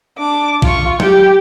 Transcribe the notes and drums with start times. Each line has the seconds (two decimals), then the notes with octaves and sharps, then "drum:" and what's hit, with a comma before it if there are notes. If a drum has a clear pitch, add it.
0.18 D4 D6
0.62 F4 C#6, drum: kick
1.00 G4 G5, drum: tom F#3